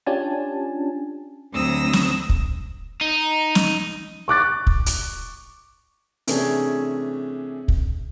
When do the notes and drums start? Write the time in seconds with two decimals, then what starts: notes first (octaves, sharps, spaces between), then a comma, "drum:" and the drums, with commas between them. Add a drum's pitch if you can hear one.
0.06 C#4 D4 F4 G4 G#5 A5
1.53 D2 F#3 C4 D#6 E6 A#6
1.93 drum: snare
2.29 drum: kick
3.01 D#4
3.55 drum: snare
4.28 C#6 D6 F#6 A6
4.67 drum: kick
4.86 drum: hi-hat
6.27 C3 E3 A3 C#4 D4 G#4, drum: hi-hat
7.68 drum: kick